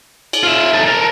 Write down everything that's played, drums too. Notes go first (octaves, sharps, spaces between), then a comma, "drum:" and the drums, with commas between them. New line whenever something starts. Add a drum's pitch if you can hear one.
drum: cymbal
F4 E5
D#4 A4
A4 A#4